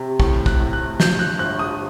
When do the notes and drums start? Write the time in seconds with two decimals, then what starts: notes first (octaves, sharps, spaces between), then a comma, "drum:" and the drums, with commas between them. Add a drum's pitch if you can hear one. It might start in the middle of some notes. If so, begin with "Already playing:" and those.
Already playing: C3
0.20 A2, drum: kick
0.46 F#6, drum: kick
0.60 A2
0.73 F#6
1.00 G2 G6, drum: snare
1.19 F#6
1.39 G1 F#6
1.59 D#6